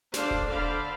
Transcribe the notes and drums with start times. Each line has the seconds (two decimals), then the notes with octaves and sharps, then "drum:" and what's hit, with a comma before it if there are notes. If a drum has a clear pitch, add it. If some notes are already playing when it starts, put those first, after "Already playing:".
0.14 D4 A4 C5 D5 F5, drum: snare
0.31 drum: kick E1
0.49 D3 C5 D5 F5 B5